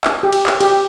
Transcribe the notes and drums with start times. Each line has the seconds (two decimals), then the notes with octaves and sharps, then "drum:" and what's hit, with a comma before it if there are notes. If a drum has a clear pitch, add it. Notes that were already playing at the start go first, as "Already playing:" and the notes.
0.04 drum: clap
0.23 G4
0.32 drum: cymbal
0.46 drum: clap
0.61 G4, drum: cymbal